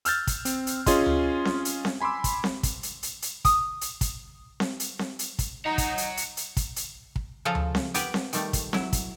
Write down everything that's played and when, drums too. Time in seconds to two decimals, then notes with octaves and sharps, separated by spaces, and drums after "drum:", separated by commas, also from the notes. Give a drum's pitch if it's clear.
0.05 E6 F6 G6 A6, drum: hi-hat
0.27 drum: kick, hi-hat
0.45 C4, drum: hi-hat
0.67 drum: hi-hat
0.86 C#4 F4 G#4 D#5 C6, drum: kick, hi-hat
1.06 drum: tom D2
1.45 drum: snare C4
1.65 drum: hi-hat
1.85 drum: snare C4
2.01 G#5 B5 C6 D6 E6
2.24 drum: kick, hi-hat
2.44 drum: snare C4
2.63 drum: kick, hi-hat
2.83 drum: hi-hat
3.03 drum: hi-hat
3.22 drum: hi-hat
3.45 D#6, drum: kick, hi-hat
3.81 drum: hi-hat
4.01 drum: kick, hi-hat
4.60 drum: snare C4
4.80 drum: hi-hat
4.99 drum: snare C4
5.19 drum: hi-hat
5.39 drum: kick, hi-hat
5.66 D#4 F#5 A#5
5.78 drum: kick, hi-hat
5.98 drum: hi-hat
6.17 drum: hi-hat
6.37 drum: hi-hat
6.57 drum: kick, hi-hat
6.76 drum: hi-hat
7.16 drum: kick
7.45 C#3 F3 F4 A4 F5 A#5
7.55 drum: tom D2
7.75 drum: snare C4
7.94 B3 G4 A#4 B4, drum: hi-hat
8.14 drum: snare C4
8.33 D#3 G3 A3, drum: hi-hat
8.53 drum: kick, hi-hat
8.73 F#3 E4, drum: snare C4
8.93 drum: kick, hi-hat